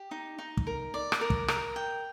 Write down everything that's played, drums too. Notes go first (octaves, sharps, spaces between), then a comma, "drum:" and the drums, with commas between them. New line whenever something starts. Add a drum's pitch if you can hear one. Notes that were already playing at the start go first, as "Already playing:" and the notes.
Already playing: G4
D#4
D#4
drum: kick
A#4
D5
drum: rim click
A#4
drum: kick
A#4, drum: rim click
G5